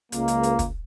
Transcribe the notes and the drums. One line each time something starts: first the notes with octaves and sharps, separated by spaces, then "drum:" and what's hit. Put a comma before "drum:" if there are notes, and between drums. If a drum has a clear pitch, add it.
C#2 A#3, drum: hi-hat
drum: hi-hat
drum: hi-hat
drum: kick, hi-hat